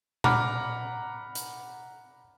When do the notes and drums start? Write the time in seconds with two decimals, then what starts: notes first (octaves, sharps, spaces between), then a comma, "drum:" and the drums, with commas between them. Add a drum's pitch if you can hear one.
0.24 F#5 A#5 B5 D6 F6, drum: tom A#2
1.35 drum: hi-hat